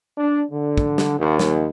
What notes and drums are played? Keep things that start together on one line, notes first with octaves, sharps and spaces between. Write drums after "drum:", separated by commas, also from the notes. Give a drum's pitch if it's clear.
D4
D3
drum: kick
drum: snare
D#2
drum: snare